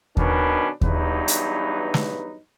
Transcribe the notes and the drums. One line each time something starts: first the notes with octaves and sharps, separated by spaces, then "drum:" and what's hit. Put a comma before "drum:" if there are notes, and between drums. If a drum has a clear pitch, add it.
B2 D#3 C#4 D4 B4, drum: kick D#2
E2 G2 F#3 D#4 B4, drum: kick D#2
drum: hi-hat
drum: snare